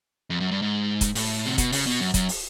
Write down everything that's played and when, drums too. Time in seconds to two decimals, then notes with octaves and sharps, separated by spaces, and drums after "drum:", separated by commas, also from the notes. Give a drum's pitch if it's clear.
0.30 F2
0.40 F#2
0.51 G2
0.62 G#2
1.01 drum: kick, hi-hat
1.15 A2, drum: open hi-hat
1.45 C3
1.58 B2, drum: kick, hi-hat
1.72 C#3, drum: open hi-hat
1.86 B2
2.00 F#2
2.14 F#2, drum: kick, hi-hat
2.29 drum: open hi-hat